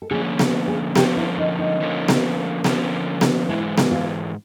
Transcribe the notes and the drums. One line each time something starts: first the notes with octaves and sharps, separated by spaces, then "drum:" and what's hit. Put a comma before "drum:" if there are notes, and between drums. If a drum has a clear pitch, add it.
A4
D3 F3 A#3 C#4 G#4
drum: snare B3
G#4
D3 F3 A#3 C#4 G4, drum: snare B3
E4
D#4
D#4
D3 F3 A#3 C#4
drum: snare B3
D3 F3 A#3 C#4, drum: snare B3
drum: snare B3
G#2 E3 G#3 E4
drum: snare B3
F4